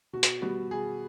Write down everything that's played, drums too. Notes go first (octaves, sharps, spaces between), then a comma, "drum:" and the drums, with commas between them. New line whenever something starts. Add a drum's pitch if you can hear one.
B2 F#4
drum: hi-hat
G3 B3 F#4
B2 G#4